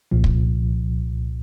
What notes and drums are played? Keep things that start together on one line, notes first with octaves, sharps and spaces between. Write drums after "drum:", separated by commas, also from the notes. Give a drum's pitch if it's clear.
C2 A#2 F3
drum: kick